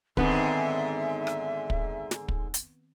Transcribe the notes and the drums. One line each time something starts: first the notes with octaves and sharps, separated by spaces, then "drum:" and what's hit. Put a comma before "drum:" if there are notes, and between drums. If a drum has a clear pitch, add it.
G#2 D3 D#3 G#3 B3 C4 B4 E5, drum: kick
drum: rim click
drum: kick
drum: snare
drum: kick
drum: hi-hat